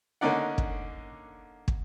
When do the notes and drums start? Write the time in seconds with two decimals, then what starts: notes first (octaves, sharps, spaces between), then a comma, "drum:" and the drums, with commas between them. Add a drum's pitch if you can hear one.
0.21 D3 A#3 C#4 D#4 D5 F#5
0.58 drum: kick
1.68 drum: kick